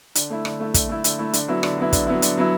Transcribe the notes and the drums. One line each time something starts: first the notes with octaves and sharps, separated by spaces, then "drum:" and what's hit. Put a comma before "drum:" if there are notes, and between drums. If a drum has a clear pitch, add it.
D3, drum: hi-hat
A3 E4
D3, drum: rim click
A3 E4
D3, drum: kick, hi-hat
A3 E4
D3, drum: hi-hat
A3 E4
D3, drum: hi-hat
F#3 B3 E4
D3, drum: rim click
F#3 B3 E4
D3, drum: kick, hi-hat
F#3 B3 E4
D3, drum: hi-hat
F#3 B3 E4